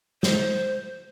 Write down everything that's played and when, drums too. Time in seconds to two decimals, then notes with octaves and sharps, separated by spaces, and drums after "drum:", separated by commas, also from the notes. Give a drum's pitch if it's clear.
0.23 C5, drum: snare